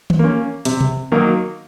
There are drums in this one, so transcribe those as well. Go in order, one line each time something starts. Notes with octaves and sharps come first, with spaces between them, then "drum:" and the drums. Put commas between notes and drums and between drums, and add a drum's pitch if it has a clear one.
drum: tom D#3
A#3 C#4
C3, drum: hi-hat
drum: tom B2
D#3 F#3 A#3